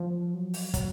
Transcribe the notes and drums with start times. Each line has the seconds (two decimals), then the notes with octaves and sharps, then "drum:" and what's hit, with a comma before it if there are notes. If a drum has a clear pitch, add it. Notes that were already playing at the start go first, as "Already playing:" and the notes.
Already playing: F3
0.34 F#3
0.54 drum: open hi-hat
0.74 F#3, drum: kick, hi-hat